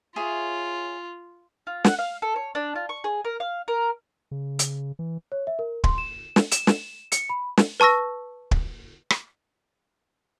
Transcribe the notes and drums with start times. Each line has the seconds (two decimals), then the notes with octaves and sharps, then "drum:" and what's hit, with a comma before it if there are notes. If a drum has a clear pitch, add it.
0.16 F4 G#4 C#5 E5
1.67 F4
1.84 F#5, drum: snare
1.99 F5
2.22 A4
2.36 C#5
2.55 D4
2.75 F4
2.89 C#6
3.04 G#4
3.25 A#4
3.40 F5
3.68 A#4
4.31 C#3
4.59 drum: hi-hat
4.99 E3
5.32 C#5
5.47 E5
5.59 A#4
5.84 C6, drum: kick
5.98 E7
6.36 drum: snare
6.51 E7, drum: hi-hat
6.67 drum: snare
7.12 C#7, drum: hi-hat
7.30 B5
7.57 drum: snare
7.80 B4 A5 C#6 E6 A#6
8.51 drum: kick
9.10 drum: rim click